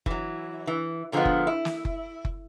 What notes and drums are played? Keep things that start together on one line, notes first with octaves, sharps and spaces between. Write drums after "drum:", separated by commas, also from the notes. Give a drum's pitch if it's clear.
E3 F#3, drum: kick F#1
E3
A#2 D3 F3 G3 G#3 B3
drum: kick F#1
E4
drum: snare
drum: kick F#1
drum: kick F#1